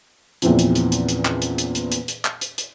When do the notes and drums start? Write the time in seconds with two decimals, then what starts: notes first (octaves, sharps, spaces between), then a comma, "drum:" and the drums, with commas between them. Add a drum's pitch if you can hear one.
0.42 E2 A#2 C#3 E3 F3 C4, drum: hi-hat
0.59 drum: hi-hat
0.75 drum: hi-hat
0.92 drum: hi-hat
1.09 drum: hi-hat
1.25 drum: clap
1.42 drum: hi-hat
1.58 drum: hi-hat
1.75 drum: hi-hat
1.92 drum: hi-hat
2.08 drum: hi-hat
2.25 drum: clap
2.41 drum: hi-hat
2.58 drum: hi-hat